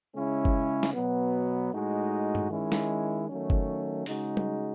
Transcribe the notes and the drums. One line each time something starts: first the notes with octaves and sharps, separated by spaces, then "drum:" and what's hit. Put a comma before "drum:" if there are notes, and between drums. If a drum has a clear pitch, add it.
C#3 G#3 C#4 E4
drum: kick F#1
drum: snare
B2 F#3 B3
A2 G#3 D#4 F#4
drum: tom G2
D#3 G#3 C#4 E4
drum: snare
D#3 F#3 A3 C#4
drum: kick F#1
C#3 G#3 D#4 F#4, drum: open hi-hat
drum: tom